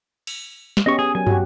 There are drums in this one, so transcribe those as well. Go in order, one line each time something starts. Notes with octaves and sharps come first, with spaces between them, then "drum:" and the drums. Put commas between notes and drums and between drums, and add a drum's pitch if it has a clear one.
drum: cymbal
drum: snare
B3 C#4 G4 D#5 C#6
G#4
F#3 G#5
F#4 G4, drum: tom